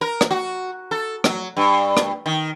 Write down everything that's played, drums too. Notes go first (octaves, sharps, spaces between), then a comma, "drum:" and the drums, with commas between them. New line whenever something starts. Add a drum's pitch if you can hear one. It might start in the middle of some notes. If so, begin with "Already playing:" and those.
A#4
drum: rim click
F#4
A4
F#3, drum: rim click
G2
drum: rim click
D#3